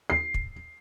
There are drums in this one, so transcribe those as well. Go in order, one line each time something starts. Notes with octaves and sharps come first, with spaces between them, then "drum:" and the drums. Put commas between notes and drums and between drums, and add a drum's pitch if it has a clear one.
C7
drum: kick